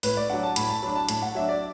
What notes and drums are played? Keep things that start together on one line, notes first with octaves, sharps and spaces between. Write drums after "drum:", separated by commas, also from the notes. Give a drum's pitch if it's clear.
A2 B4, drum: open hi-hat
D5
F#3 D4 F#5
A5
A2 B5, drum: hi-hat
A5
F#3 D4 B5
A5
A2 A5, drum: hi-hat
F#5
F#3 D4 E5
D5